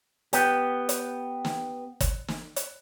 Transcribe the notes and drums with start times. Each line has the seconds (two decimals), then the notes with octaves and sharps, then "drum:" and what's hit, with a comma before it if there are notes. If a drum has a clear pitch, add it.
0.33 B3 G4, drum: hi-hat
0.89 drum: hi-hat
1.45 drum: snare
2.00 drum: kick G1, hi-hat
2.28 drum: snare
2.56 drum: hi-hat